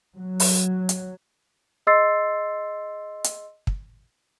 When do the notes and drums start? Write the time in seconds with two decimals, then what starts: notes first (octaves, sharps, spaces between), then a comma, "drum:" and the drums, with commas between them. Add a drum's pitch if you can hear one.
0.16 F#3
0.40 drum: open hi-hat
0.89 drum: hi-hat
1.87 G#4 D#5 C6 E6 A6 C7
3.24 drum: hi-hat
3.67 drum: kick